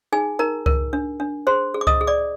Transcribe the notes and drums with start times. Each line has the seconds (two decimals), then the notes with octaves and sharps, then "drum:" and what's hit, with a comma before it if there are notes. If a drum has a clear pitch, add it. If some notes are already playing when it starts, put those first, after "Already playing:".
0.12 D#4 G#4 G#5
0.39 D#4 A#4 A#5
0.66 A#4, drum: kick C#2
0.93 D4
1.20 D4
1.47 G#4 C5 C6
1.74 G#4
1.81 D6
1.87 D#5 D#6, drum: kick C#2
2.01 G#4
2.07 D5 D6